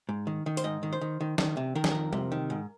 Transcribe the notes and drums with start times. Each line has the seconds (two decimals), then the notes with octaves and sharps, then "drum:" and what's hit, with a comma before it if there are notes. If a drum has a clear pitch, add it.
0.09 G#2
0.27 D#3
0.46 D#3
0.57 C5, drum: hi-hat
0.64 G#2 D#5
0.83 D#3
0.93 C5
1.01 D#3
1.21 D#3
1.38 D#3, drum: snare
1.57 C3
1.75 D#3 A#4
1.84 G#4, drum: snare
1.91 F2 A#4
2.13 C3, drum: tom G3
2.32 D#3
2.50 G#2